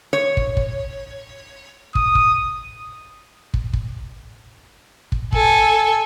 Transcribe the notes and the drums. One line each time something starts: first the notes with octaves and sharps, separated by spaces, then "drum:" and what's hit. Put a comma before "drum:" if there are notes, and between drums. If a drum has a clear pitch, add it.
C#5
drum: kick
drum: kick
D#6, drum: kick
drum: kick
drum: kick
drum: kick
drum: kick
A4 G#5, drum: kick